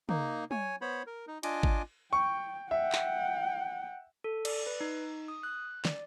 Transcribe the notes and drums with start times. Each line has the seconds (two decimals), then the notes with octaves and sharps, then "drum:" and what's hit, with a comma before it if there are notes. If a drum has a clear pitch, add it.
0.09 A#3 D#4, drum: tom
0.51 C#5 G#5, drum: tom
0.81 B3 C5 C#5 B5
1.07 A#4
1.27 D#4
1.43 D4 F4 D#5 G#5 D6, drum: cymbal
1.63 drum: kick G#1
2.13 G5 C#6
2.71 E5 F#5 G5
2.92 drum: clap
4.24 A4
4.45 D5, drum: cymbal
4.67 B4
4.81 D#4
5.28 D#6
5.43 F#6
5.85 D5, drum: snare